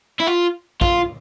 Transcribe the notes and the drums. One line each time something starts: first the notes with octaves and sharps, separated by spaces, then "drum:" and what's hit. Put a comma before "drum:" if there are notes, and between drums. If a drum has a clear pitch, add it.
E4
F4
F4, drum: kick